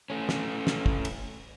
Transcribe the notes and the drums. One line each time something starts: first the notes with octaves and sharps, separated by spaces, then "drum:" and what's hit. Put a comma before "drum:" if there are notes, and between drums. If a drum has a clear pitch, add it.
A3 C#4
drum: snare
drum: snare
drum: kick
drum: cymbal